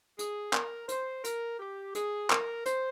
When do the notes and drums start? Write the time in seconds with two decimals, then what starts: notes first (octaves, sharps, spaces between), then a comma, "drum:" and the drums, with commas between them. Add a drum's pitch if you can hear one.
0.19 G#4, drum: hi-hat
0.53 A#4, drum: clap
0.89 C5, drum: hi-hat
1.24 A#4, drum: hi-hat
1.59 G4
1.95 G#4, drum: hi-hat
2.30 A#4, drum: clap
2.66 C5, drum: hi-hat